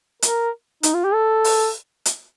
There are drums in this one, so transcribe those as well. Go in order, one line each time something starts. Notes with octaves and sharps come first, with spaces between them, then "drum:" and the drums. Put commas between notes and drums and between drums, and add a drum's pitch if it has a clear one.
A#4, drum: hi-hat
D#4, drum: hi-hat
F4
G4
A4
drum: open hi-hat
drum: hi-hat